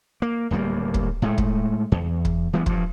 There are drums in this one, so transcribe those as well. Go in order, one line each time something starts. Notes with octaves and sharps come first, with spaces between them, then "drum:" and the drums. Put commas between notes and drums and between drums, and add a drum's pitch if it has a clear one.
A#3
D1 D#2 G3 A#3
drum: kick
A2 G#3 A3
drum: kick
E2
drum: kick
E3 G3 G#3 B3
G2 F3, drum: kick